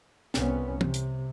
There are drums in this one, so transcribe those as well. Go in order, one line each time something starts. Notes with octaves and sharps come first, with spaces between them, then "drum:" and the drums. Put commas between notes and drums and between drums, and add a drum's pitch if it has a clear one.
C2 B3 C#4, drum: snare
C3, drum: tom
drum: hi-hat